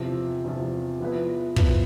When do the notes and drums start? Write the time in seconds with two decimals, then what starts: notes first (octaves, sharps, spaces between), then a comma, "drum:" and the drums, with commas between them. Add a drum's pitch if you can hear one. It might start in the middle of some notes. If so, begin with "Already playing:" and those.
Already playing: E2 C3 F3
0.44 E2 C3 F3
1.00 F3 B3 E4 B4
1.56 F3 B3 E4 B4, drum: kick